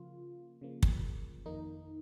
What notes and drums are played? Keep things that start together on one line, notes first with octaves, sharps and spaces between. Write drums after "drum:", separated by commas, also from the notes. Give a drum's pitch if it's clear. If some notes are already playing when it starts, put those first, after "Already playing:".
Already playing: C#3 F3 A#3 F4
C#3 F3 A#3
drum: kick
F2 D#3 A#3 D#4